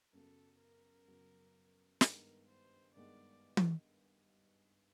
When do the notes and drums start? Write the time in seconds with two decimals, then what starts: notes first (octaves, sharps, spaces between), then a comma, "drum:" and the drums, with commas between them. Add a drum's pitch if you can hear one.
0.13 F#2 C#3 F#3 B3 A4
0.60 A#4
1.07 F#2 C#3 F#3 B3
2.01 G2 D#3 G#3 B3 A#4, drum: snare
2.48 C5
2.95 G2 D#3 G#3 B3 D5
3.57 drum: tom E3